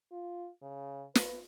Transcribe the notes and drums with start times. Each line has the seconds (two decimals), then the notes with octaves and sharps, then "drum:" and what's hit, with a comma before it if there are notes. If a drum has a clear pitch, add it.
0.12 F4
0.62 C#3
1.15 B4, drum: snare